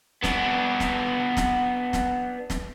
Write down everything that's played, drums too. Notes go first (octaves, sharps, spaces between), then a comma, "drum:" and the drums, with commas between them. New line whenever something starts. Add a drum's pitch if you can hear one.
B3 D4, drum: snare
drum: snare
drum: snare
drum: snare
drum: snare